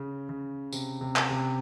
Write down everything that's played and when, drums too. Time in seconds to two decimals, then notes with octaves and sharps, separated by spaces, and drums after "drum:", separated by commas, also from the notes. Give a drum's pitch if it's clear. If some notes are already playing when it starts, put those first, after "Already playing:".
Already playing: C#3
0.29 C#3
0.73 C3, drum: tambourine
1.01 C3
1.16 drum: clap
1.30 C3